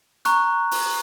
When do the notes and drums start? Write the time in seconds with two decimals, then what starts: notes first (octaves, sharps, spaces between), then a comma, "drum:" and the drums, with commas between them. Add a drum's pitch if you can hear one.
0.25 A#5 C#6 F#6, drum: hi-hat
0.71 drum: open hi-hat